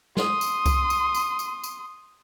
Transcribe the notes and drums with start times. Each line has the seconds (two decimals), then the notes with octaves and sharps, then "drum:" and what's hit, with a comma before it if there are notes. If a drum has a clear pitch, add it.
0.17 C6 D#6, drum: snare
0.41 drum: tambourine
0.66 drum: kick C2, tambourine
0.90 drum: tambourine
1.15 drum: tambourine
1.39 drum: tambourine
1.64 drum: tambourine